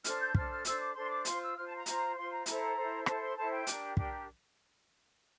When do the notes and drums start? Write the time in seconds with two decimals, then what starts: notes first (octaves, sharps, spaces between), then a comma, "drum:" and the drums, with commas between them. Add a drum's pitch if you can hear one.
0.04 D4 A4 C5 F6, drum: hi-hat
0.20 G6
0.35 D4 A4 C5 F6, drum: kick
0.50 F6
0.65 D4 A4 C5 E6, drum: hi-hat
0.79 D6
0.94 D4 A4 C5 C6
1.10 D6
1.25 F4 C5 C6, drum: hi-hat
1.41 E6
1.55 F4 C5 F6
1.66 A5
1.76 A#5
1.86 F4 C5, drum: hi-hat
2.17 F4 C5 C6
2.31 A#5
2.46 E4 A4 C5 A#5, drum: hi-hat
2.76 E4 A4 C5
3.06 E4 A4 C5 A5, drum: rim click
3.21 C6
3.36 E4 A4 C5 A5
3.51 G5
3.67 D4 G4 A#4, drum: hi-hat
3.97 D4 G4 A#4 G5, drum: kick